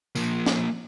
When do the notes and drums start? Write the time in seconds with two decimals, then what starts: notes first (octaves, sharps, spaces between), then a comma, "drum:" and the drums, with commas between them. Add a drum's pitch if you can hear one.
0.15 F3 A#3, drum: tambourine
0.46 drum: snare